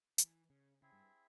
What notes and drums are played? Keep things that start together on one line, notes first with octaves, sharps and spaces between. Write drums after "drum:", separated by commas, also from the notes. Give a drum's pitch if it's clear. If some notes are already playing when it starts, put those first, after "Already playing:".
E3, drum: hi-hat
C#3
C#3 C4 E4 G#4 E5
G2